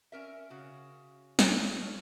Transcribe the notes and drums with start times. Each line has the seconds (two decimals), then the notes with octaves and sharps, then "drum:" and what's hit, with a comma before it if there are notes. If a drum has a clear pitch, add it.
0.12 C#4 A#4 E5
0.50 C#3 F#4
1.39 drum: snare
1.53 C4
1.78 F3 F#3 C#4